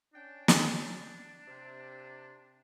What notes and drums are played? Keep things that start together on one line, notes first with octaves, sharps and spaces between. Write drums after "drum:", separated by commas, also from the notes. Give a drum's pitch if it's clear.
C#4 D4 G5
drum: snare
C3